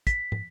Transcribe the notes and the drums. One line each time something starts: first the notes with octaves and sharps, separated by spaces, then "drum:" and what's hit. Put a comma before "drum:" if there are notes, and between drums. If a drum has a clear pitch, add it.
B6, drum: kick, hi-hat
drum: tom